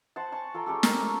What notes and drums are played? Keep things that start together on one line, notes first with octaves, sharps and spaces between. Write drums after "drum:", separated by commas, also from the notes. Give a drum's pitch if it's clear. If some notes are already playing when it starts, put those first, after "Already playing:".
C5 F#5 A5
G#5 A5 C#6
F4 A4 G5 A#5
G#3 C#4 G4 A4
C4 C#4 A4 A#4, drum: snare
A5 C#6